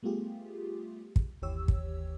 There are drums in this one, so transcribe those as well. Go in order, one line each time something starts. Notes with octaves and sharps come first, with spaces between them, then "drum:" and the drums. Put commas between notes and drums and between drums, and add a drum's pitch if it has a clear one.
G3 A3 B3 F4 G4 G#4
drum: kick
G1 D#2 E3 G4 C#5 E6
drum: kick